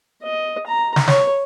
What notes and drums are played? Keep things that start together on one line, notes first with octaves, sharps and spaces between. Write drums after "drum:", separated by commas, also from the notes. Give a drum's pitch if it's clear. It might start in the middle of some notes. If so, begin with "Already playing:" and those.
D#5
A#5
drum: snare
C#5, drum: snare